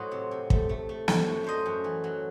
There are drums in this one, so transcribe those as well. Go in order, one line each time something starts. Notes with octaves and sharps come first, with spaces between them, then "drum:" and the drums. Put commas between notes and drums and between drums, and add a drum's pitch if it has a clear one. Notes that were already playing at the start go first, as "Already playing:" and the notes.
Already playing: A2 F#3 C5 D#5
C3
C3
A3, drum: kick
A3
A3
A3, drum: snare
F#2
A3 C5 D#5
F#2
E3
F#3